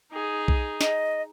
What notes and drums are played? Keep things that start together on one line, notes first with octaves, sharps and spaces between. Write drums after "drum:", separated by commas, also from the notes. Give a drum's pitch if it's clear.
D#4 G#4
drum: kick B1
D#5, drum: snare